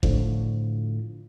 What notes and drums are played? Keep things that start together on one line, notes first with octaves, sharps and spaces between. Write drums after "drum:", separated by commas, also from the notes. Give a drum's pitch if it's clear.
A2 D3 F3, drum: kick F#1